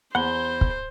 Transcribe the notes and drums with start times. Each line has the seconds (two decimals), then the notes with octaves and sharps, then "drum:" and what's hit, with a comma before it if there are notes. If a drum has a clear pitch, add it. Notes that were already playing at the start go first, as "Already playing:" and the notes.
0.15 E2 C5 F#5 B5 G7
0.61 drum: kick